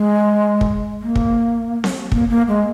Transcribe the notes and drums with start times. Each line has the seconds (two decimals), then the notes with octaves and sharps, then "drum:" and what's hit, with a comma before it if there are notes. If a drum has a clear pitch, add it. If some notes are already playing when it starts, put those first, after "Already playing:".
Already playing: G#3
0.61 drum: kick
1.02 A#3
1.16 drum: kick
1.84 drum: snare C4
2.12 A#3, drum: kick
2.30 A#3
2.48 G#3